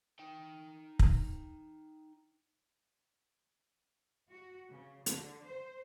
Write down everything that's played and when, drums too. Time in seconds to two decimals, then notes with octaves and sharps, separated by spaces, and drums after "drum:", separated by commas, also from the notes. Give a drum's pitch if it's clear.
0.19 D#4 G5
0.99 drum: kick
4.31 F#4
4.71 C#3
5.06 D3, drum: hi-hat
5.45 C5